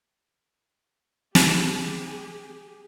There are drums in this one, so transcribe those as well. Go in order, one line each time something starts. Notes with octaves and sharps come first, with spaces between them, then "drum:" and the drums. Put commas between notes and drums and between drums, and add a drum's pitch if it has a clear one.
G4 G#4, drum: snare